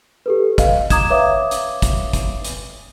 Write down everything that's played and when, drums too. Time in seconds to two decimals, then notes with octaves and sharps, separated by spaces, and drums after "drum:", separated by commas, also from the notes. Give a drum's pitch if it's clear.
0.26 G4 A4 B4
0.58 D#5 F5, drum: kick, hi-hat
0.90 A#5 D6 D#6 G#6 E7, drum: kick, hi-hat
1.10 B4 C#5 E5 F5 D6 D#6
1.51 drum: hi-hat
1.82 drum: kick, hi-hat
2.13 drum: kick, hi-hat
2.45 drum: hi-hat